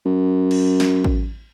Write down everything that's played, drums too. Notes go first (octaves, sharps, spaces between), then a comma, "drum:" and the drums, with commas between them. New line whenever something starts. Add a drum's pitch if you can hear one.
F#2
drum: cymbal
drum: snare
drum: kick A1